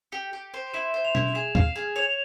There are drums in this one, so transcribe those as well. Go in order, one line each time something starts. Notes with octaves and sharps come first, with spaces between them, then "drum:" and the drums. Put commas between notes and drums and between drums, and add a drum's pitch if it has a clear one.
G4 C#7
G4
C5
E4 E7
C5
F7
E4, drum: tom B2
G#4 E7
F5, drum: kick
G#4
C#5 F7